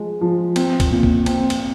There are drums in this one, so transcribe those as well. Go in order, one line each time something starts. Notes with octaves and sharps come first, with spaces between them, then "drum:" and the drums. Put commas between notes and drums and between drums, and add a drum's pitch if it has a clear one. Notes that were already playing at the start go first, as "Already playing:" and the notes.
Already playing: F3 G#3
F3
C4, drum: cymbal
drum: kick, cymbal
A#2
drum: kick
C4, drum: cymbal
drum: cymbal